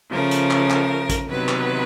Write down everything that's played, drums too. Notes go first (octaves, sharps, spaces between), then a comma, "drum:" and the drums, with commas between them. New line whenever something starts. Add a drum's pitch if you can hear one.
C#3 F3 A3 A#4
drum: hi-hat
drum: clap
drum: clap
drum: kick A1, hi-hat
C3 D#3 F#3 B3 B4
drum: clap